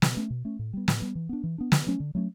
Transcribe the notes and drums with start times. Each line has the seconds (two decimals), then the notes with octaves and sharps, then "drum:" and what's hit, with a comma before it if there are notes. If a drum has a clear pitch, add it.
0.02 B2, drum: snare
0.17 A3 C#4
0.30 B2
0.45 A3 C#4
0.59 A2
0.73 G3 B3
0.88 A2, drum: snare
1.02 G3 B3
1.15 E3
1.29 B3 D4
1.44 E3
1.58 B3 D4
1.72 D3, drum: snare
1.87 F#3 A3 C#4
2.00 D3
2.15 F#3 A3 C#4